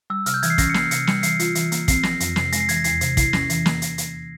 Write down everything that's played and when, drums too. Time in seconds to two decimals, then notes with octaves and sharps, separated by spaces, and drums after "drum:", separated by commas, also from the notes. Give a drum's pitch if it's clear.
0.10 G3 E6
0.26 C3 F6, drum: hi-hat
0.34 G6
0.43 E3 G#6, drum: hi-hat
0.50 C7
0.58 C#4 A#6, drum: kick, hi-hat
0.70 C#7
0.74 A#3 C7, drum: snare
0.91 C3 C#7, drum: hi-hat
1.07 G3 C#7, drum: snare
1.23 E3 C7, drum: hi-hat
1.39 F4, drum: hi-hat
1.55 E3, drum: hi-hat
1.72 A#3, drum: hi-hat
1.88 C4 C7, drum: kick, hi-hat
2.03 F3 A#6, drum: snare
2.20 F2, drum: hi-hat
2.36 C3 C7, drum: snare
2.52 G#3 A#6, drum: hi-hat
2.60 C7
2.69 E3 G#6, drum: hi-hat
2.76 A#6
2.84 E2 C7, drum: hi-hat
3.01 C3, drum: hi-hat
3.17 E4 C7, drum: kick, hi-hat
3.33 C#4 A#6, drum: snare
3.50 E3, drum: hi-hat
3.66 A#3, drum: snare
3.82 drum: hi-hat
3.98 drum: hi-hat